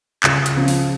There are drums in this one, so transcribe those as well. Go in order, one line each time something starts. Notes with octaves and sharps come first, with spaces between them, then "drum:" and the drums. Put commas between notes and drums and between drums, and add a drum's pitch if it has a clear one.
C#2, drum: clap
drum: hi-hat
C#3 F3
drum: open hi-hat